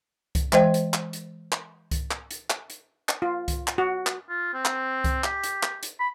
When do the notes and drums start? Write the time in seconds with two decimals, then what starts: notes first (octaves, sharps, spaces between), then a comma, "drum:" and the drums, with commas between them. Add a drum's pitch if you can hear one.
0.35 drum: kick C2, hi-hat
0.53 E3 G#3 C5 D#5 G5, drum: clap
0.74 drum: hi-hat
0.94 drum: clap
1.13 drum: hi-hat
1.52 drum: clap
1.91 drum: kick C2, hi-hat
2.11 drum: clap
2.31 drum: hi-hat
2.50 drum: clap
2.70 drum: hi-hat
3.09 drum: clap
3.22 F4
3.48 drum: kick C2, hi-hat
3.67 drum: clap
3.78 F#4
4.07 drum: clap
4.29 F4
4.54 C4
4.65 drum: clap
5.04 drum: kick C2, hi-hat
5.24 G4, drum: clap
5.44 drum: hi-hat
5.63 drum: clap
5.83 drum: hi-hat
5.99 B5